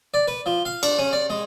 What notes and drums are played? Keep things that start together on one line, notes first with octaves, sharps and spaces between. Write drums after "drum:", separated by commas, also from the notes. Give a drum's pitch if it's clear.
D5
B4
F3
F5
D4, drum: cymbal
C#4
D5
G#3